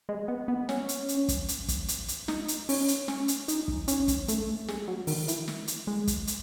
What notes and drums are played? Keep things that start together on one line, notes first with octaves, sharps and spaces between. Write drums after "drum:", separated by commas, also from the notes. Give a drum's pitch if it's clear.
G#3
B3
B3
C#4, drum: snare
drum: hi-hat
drum: hi-hat
drum: kick, hi-hat
drum: hi-hat
drum: kick, hi-hat
drum: hi-hat
drum: hi-hat
D#4, drum: snare
drum: hi-hat
C#4, drum: open hi-hat
drum: hi-hat
C#4, drum: snare
drum: hi-hat
D#4, drum: hi-hat
drum: kick
C#4, drum: hi-hat
drum: kick, hi-hat
A3, drum: hi-hat
G#3, drum: snare
F#3
D#3, drum: open hi-hat
E3, drum: hi-hat
drum: snare
drum: hi-hat
G#3
drum: kick, hi-hat
drum: hi-hat